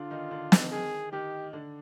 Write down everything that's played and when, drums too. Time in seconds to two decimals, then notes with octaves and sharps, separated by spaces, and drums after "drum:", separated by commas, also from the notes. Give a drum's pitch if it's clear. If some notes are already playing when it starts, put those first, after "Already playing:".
Already playing: D3 D4 F4
0.11 D#3 D#4
0.31 D3 D4
0.52 D#3 D#4, drum: snare
0.71 D#3 D#4 G#4
1.12 D#3 D#4 G4
1.53 D3 D4